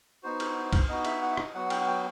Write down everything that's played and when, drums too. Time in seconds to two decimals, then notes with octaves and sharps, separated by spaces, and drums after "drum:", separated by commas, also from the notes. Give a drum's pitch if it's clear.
0.23 B3 D#4 F#4 C5
0.40 drum: cymbal
0.73 drum: kick, cymbal
0.89 B3 D#4 F#4 D#5
1.05 E5, drum: cymbal
1.22 F#5
1.31 E5
1.37 D#5, drum: rim click
1.54 F#3 B3 F#4 F#5
1.70 G5, drum: cymbal
1.80 F#5
1.87 G5